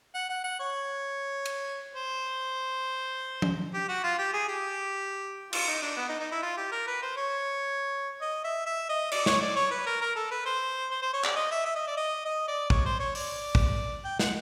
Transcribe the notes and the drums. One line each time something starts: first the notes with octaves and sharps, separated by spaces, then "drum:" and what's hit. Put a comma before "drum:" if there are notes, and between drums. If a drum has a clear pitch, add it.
F#5
F#5
F#5
C#5
drum: cymbal
C5
drum: tom F3
G4
F#4
F4
G4
G#4
G4
F4, drum: cymbal
D#4
D4
B3
D#4
D#4
E4
F4
G4
A#4
B4
C5
C#5
D#5
E5
E5
D#5
D5, drum: cymbal
C#5, drum: snare
D5
C#5
B4
A#4
A#4
A4
B4
C5
C5
C5
C#5
D5, drum: clap
D#5
E5
E5
D#5
D5
D#5
D#5
D5
C#5, drum: kick
C5
C#5
D5, drum: open hi-hat
drum: kick
G5
F#5, drum: snare